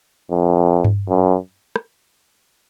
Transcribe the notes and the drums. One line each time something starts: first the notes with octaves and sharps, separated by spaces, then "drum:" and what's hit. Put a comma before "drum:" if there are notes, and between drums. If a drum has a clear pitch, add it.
F2
drum: tom G2
F#2
drum: rim click